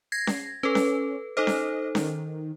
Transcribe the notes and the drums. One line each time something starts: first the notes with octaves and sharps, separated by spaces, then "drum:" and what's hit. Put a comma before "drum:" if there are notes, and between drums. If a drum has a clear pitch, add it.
G#6 A#6 C7
drum: snare C#4
C#4 A4 B4
drum: snare C#4
D#4 A4 C5 D#5
drum: snare C#4
D#3, drum: snare C#4